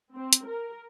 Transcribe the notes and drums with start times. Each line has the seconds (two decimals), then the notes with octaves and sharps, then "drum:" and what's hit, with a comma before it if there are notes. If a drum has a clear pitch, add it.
0.15 C4
0.33 drum: hi-hat
0.47 A#4